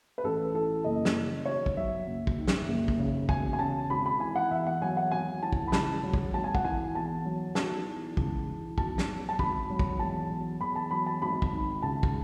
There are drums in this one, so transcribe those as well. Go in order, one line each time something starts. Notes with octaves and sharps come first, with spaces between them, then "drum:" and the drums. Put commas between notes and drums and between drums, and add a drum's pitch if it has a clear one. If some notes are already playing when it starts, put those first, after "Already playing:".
B4
A1 A4
E3 A4
F#1 D#5
drum: snare
C#3
B1 C#5
drum: kick
F#3 E5
F#1
drum: kick
D#3
drum: snare
F#1
drum: kick
C#3
E1 G#5, drum: kick
G#5
C#3 A5
G#1 B5
B5
E3 G#5
F#5
E2 E5
F#5
F#3 G#5
F#5
G#1 G#5
E3 A5
drum: kick
B5
C#2 A5, drum: snare
F#3
drum: kick
G#1 A5
G#5
F#5, drum: kick
E3 G#5
E2 A5
F#3
B1 A5, drum: snare
E3
C#2, drum: kick
E3
B1 A5, drum: kick
drum: snare
F#3
A5
G#1 B5, drum: kick
F#3
drum: kick
E2 A5
F#3
E2 B5
A5
F#3 B5
A5
G#1 B5
drum: kick
D#3
C#2 A5
drum: kick